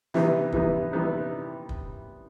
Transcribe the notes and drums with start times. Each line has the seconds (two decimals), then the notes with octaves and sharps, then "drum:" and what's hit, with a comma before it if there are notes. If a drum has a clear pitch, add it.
0.14 C3 E3 G3 B3 D#4, drum: snare
0.52 C3 E3 G3 B3 D#4, drum: kick
0.92 C3 E3 G3 B3 D#4
1.69 drum: kick